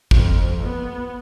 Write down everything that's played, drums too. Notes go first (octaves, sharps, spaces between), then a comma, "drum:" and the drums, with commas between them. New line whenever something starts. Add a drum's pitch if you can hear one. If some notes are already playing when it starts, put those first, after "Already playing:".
F2, drum: kick
B3